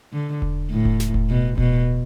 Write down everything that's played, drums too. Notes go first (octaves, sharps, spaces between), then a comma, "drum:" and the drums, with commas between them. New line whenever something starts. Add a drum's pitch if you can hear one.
D3
drum: kick E1
A2
drum: kick E1
drum: snare
drum: kick E1
B2
B2, drum: kick E1